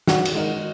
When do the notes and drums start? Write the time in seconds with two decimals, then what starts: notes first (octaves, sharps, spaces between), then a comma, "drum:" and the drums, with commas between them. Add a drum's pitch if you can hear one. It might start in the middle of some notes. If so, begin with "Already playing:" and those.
0.07 D#3 F#4, drum: snare
0.25 drum: cymbal
0.35 G#3 D#4 A#4